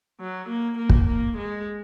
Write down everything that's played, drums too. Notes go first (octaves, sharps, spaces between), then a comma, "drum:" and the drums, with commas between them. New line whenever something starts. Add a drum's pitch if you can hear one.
F#3
A#3
A#3
drum: kick
A#3
G#3